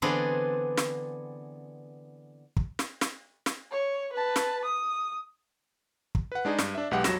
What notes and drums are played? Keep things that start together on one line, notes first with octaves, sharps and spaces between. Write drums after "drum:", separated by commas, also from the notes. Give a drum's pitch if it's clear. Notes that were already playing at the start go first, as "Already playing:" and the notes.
D3 E3 B3 C4 D4 G#4
drum: snare
drum: kick
drum: snare
drum: snare
drum: snare
C#5
B4 A5
drum: snare
D#6
drum: kick
B4 F#5
G#3 D4 D#4 G#4
G2, drum: snare
D4 E5
B1 G#3 G4 B4 F#5 G5
F2 F#3 A#6 E7, drum: snare